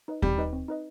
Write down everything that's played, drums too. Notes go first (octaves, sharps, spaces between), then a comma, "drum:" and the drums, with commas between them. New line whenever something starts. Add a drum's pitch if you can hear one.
D#4 B4 D#5
G3 C4, drum: kick D#2
D#4 B4 D#5
C4
D#4 B4 D#5